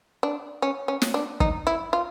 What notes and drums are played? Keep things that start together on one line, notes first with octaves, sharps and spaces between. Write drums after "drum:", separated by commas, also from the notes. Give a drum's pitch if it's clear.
D4
C#4
C#4
drum: snare
D4
D#4, drum: kick
E4
F4